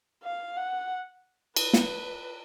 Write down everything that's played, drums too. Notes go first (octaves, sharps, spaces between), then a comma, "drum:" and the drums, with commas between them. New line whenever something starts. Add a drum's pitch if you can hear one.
F5
F#5
B4, drum: cymbal
drum: snare